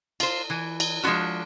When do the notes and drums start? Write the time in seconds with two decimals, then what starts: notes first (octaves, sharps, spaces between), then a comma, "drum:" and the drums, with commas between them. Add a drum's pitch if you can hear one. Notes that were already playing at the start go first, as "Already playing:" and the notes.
0.20 F4 C5, drum: cymbal
0.50 E3 G#5
0.80 drum: cymbal
1.04 F3 G#3 D4 F4 F#4